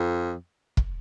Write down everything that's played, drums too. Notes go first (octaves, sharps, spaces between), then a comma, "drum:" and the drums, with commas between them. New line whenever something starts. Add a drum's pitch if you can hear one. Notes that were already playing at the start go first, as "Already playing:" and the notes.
Already playing: F2
drum: kick